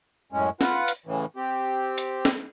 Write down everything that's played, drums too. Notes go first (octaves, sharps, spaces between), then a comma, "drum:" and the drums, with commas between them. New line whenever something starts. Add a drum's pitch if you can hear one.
F#2 A2 G#3 C#4
F4 B4 F#5, drum: snare
drum: hi-hat
A2 C#3 E3
C4 G4
drum: hi-hat
drum: snare